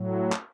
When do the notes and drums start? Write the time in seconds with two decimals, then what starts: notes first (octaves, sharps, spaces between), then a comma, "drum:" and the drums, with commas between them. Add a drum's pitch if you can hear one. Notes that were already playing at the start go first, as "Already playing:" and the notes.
Already playing: A2 F#3
0.32 drum: clap